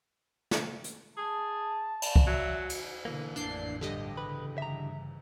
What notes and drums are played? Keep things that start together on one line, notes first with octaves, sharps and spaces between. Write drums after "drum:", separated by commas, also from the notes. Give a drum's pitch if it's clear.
drum: snare
drum: hi-hat
G#4 A5
drum: cymbal
drum: kick C2
F#3 E5
drum: cymbal
B2 D3 E3 A#3
A1 F2 D4 G6 C7
E2 G2 D3 G4 D#5
G1 C#3 E3 B4
E5 A#5